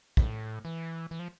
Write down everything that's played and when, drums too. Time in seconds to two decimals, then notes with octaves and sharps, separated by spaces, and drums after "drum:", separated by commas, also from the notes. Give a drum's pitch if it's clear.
0.17 A2, drum: kick
0.65 E3
1.11 E3
1.19 F3